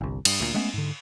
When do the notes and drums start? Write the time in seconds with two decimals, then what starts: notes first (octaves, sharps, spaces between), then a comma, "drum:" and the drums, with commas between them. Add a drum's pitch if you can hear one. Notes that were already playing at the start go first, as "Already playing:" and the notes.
0.01 G1 C2
0.25 G2, drum: cymbal
0.40 D2 A#2
0.54 G#3 A3 B3 C#4
0.74 G#2 D3